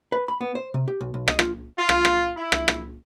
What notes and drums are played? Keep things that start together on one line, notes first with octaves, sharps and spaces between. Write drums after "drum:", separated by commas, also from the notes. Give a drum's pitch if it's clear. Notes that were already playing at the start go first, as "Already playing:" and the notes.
B4
B5
B3
C5
C3
G4
B1
B1
D#5, drum: rim click
F4, drum: rim click
F4
drum: rim click
drum: rim click
E4
drum: rim click
drum: rim click